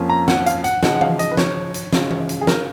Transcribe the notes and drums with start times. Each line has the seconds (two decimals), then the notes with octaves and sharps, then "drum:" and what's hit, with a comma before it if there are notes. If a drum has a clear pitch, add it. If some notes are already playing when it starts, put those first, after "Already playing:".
Already playing: F2 F3 A#3 C#4 F4
0.09 A#5
0.28 F#5, drum: snare
0.46 F5, drum: hi-hat
0.64 F#5, drum: hi-hat
0.83 C#3 F3 G#3 D#4 F#5, drum: snare
0.95 F#5
1.01 F5, drum: tom E3
1.19 D#5, drum: hi-hat
1.32 B4
1.37 C#5, drum: snare
1.74 drum: hi-hat
1.93 C#3 G#3 C#4 F4, drum: snare
2.11 drum: tom E3
2.29 drum: hi-hat
2.41 G#4
2.47 A#4, drum: snare